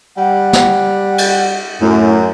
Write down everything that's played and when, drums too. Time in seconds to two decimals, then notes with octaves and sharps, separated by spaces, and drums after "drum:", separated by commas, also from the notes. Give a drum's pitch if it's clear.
0.18 G3 F#5
0.53 drum: snare
1.18 drum: cymbal
1.81 F#2 A2